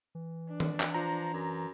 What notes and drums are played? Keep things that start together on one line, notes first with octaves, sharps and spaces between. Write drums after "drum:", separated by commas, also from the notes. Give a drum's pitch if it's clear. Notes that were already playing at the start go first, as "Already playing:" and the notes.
E3
D4
drum: tom D#3
drum: clap
F3 A#5
F#2